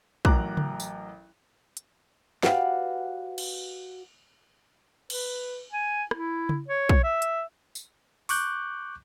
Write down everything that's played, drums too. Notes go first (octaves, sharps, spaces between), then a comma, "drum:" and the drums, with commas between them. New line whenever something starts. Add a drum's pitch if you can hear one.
A1 F#3 A#4 A#5 D6 F#6, drum: kick
drum: tom C#3
drum: tambourine
drum: hi-hat
F#4 G4 B4 D5 F5 G5, drum: snare
drum: cymbal
B4, drum: cymbal
G#5
E4, drum: rim click
drum: tom C#3
C#5
drum: kick
E5
drum: hi-hat
drum: tambourine
C#6 D6 F#6 G6, drum: open hi-hat